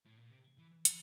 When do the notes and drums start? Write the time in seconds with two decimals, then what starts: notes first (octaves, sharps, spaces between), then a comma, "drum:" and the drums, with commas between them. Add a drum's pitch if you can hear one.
0.06 A2
0.18 A#2
0.30 C3
0.58 E3
0.85 F3, drum: hi-hat